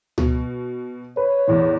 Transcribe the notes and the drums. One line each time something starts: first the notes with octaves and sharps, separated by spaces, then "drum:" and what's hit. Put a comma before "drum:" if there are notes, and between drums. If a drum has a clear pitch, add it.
B2, drum: tom C#2
B4 C#5
E2 A2